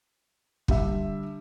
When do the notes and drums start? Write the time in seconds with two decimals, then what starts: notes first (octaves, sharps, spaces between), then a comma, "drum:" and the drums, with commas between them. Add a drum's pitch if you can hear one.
0.68 D3 G3 E5, drum: kick